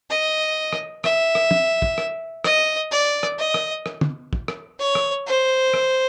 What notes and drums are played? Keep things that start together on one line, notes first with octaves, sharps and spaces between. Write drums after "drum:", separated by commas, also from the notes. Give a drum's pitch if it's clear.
D#5
drum: rim click
E5, drum: rim click
drum: rim click
drum: tom
drum: kick
drum: rim click
D#5, drum: rim click
D5
drum: rim click
D#5
drum: rim click
drum: rim click
drum: tom
drum: kick
drum: rim click
C#5
drum: rim click
C5
drum: rim click